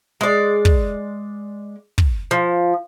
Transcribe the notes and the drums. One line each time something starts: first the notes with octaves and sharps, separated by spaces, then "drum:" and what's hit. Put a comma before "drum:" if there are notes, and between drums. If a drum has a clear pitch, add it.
G#3 D5
drum: kick
drum: kick
F3